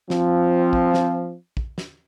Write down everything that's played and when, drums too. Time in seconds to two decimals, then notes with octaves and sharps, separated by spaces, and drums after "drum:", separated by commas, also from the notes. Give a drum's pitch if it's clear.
0.10 F3 C4, drum: snare
0.73 drum: kick
0.94 drum: snare
1.57 drum: kick
1.78 drum: snare